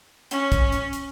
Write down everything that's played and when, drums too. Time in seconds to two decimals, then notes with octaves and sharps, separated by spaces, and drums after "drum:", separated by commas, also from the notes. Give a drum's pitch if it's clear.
0.31 C#4, drum: hi-hat
0.52 drum: kick, hi-hat
0.72 drum: hi-hat
0.93 drum: hi-hat